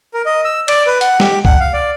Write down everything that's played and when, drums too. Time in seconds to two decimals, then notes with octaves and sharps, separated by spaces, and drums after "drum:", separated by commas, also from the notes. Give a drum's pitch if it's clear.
0.14 A#4
0.26 D#5
0.45 E6
0.68 D5, drum: cymbal
0.87 B4
1.01 F#5, drum: hi-hat
1.20 G4, drum: snare
1.45 F#5, drum: kick C2
1.60 F5
1.73 D5